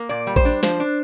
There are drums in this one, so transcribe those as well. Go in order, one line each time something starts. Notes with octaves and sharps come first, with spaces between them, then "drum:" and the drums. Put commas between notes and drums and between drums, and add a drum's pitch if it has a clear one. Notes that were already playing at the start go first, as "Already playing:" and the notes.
Already playing: A#3
A#2 D5
G3
C5, drum: kick A1
D4
F3 C5, drum: snare
D4